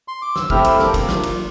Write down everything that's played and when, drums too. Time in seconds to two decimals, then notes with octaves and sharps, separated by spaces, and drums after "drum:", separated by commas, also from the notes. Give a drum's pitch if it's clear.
0.08 C6
0.22 D6
0.36 E6, drum: snare
0.50 A3 C4 E4 G4 F6, drum: kick
0.64 E6, drum: cymbal
0.79 A#3 D4 G4 D6, drum: snare
0.94 drum: kick, cymbal
1.09 A#3 F4, drum: snare
1.23 drum: cymbal